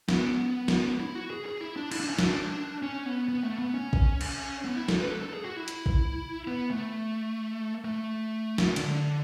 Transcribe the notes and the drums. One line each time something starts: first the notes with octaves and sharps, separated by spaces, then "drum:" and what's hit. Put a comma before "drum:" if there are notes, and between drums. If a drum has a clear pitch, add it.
B3, drum: snare
drum: snare
E4
F#4
G#4
G#4
E4
D4
E4, drum: cymbal
D4
C#4
D4, drum: snare
C#4
B3
B3
A3
B3
C#4
drum: kick A#1
drum: cymbal
B3
E4
A4, drum: snare
B4
A4
A4
G#4
F#4
E4
drum: hi-hat
drum: kick A#1
B3
A3
A3
drum: snare
D3, drum: cymbal